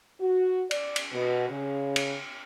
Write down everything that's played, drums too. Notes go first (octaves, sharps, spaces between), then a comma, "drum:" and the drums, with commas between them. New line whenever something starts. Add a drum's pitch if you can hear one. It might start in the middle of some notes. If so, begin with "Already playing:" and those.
F#4
D5, drum: cymbal
drum: cymbal
B2
C#3
drum: cymbal